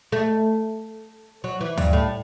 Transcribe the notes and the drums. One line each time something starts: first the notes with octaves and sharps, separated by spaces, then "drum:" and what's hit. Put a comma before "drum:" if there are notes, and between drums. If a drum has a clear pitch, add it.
A3
F#3
E3
G2, drum: tom D2
A2